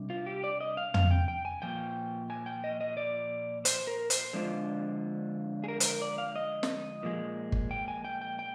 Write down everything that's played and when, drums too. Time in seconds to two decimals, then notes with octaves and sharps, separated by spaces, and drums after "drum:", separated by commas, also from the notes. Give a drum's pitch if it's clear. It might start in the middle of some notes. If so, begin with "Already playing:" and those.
Already playing: C3 G3 D4
0.10 F4
0.26 G4
0.44 D5
0.61 D#5
0.77 F5
0.94 F5, drum: tom
1.11 G5
1.28 G5
1.45 G#5
1.62 A#2 F3 G5
2.30 G#5
2.46 G5
2.64 D#5
2.81 D#5
2.97 D5
3.65 C5, drum: hi-hat
3.87 A#4
4.10 C5, drum: hi-hat
4.33 D3 F3 G#3 D4 F4
5.64 G#4
5.68 A#4
5.80 C5, drum: hi-hat
5.85 A#4
6.01 D5
6.18 F5
6.36 D#5
6.63 drum: snare
7.03 A#2 F3 G#3
7.52 drum: kick G1
7.71 G5
7.88 G#5
8.05 G5
8.21 G5
8.39 G5